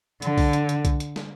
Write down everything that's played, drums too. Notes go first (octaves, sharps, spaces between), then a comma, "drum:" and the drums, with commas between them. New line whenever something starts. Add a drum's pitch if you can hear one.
D3, drum: hi-hat
drum: kick B1, open hi-hat
drum: hi-hat
drum: hi-hat
drum: kick B1, hi-hat
drum: hi-hat
drum: snare